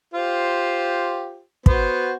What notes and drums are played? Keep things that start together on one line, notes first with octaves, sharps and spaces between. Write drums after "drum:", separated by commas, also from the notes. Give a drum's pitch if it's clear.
F4 G4 C5
B3 F#4 C5, drum: kick